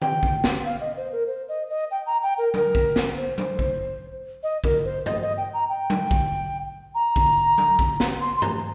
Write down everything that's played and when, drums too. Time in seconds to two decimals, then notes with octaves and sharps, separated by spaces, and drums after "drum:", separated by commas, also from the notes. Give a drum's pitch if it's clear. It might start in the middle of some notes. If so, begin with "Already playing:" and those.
0.02 G5, drum: tom D#3
0.23 drum: kick A#1
0.44 drum: snare
0.65 F5
0.81 D#5
0.97 C5
1.12 A#4
1.28 C5
1.48 D#5
1.70 D#5
1.91 G5
2.06 A#5
2.23 G5
2.38 A#4
2.54 A#4, drum: tom F#3
2.75 drum: kick A#1
2.96 drum: snare
3.17 C5
3.38 drum: tom F#3
3.59 drum: kick A#1
4.43 D#5
4.64 A#4, drum: kick A#1
4.85 C5
5.06 D#5, drum: tom G2
5.22 D#5
5.37 G5
5.54 A#5
5.69 G5
5.90 drum: tom F#3
6.11 drum: kick A#1
6.95 A#5
7.16 drum: kick A#1
7.58 drum: tom F#3
7.79 drum: kick A#1
8.00 drum: snare
8.21 C6
8.36 C6
8.42 A#5, drum: tom G2